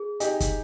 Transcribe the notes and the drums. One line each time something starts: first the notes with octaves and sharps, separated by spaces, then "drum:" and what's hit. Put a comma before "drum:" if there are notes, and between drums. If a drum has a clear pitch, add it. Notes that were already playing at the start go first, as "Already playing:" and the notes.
Already playing: G#4
D#4 G4 G#5, drum: hi-hat
drum: kick, hi-hat